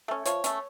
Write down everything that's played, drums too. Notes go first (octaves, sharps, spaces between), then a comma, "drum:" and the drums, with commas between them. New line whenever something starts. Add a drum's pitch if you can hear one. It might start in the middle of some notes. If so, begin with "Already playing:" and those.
A3 C#4
F3 C#5, drum: hi-hat
A3 C#4, drum: hi-hat